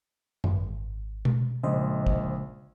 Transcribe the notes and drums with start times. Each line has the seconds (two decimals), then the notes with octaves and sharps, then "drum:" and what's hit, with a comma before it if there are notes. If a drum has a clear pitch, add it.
0.44 G#1, drum: tom F#2
1.25 drum: tom B2
1.63 A#1 C#3 G#3 C5 D#5
2.07 drum: kick